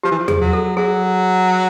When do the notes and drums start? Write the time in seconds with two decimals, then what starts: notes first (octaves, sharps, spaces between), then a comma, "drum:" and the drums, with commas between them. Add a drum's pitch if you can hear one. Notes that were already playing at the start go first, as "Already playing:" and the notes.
0.03 F3 G4
0.11 E3
0.19 F3
0.28 G#4, drum: tom E2
0.41 F#3
0.53 A4
0.77 F#3 G#4